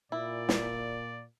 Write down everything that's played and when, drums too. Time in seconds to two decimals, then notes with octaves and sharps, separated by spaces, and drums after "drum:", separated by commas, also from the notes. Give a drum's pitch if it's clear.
0.12 A#2 E4 D5
0.49 drum: snare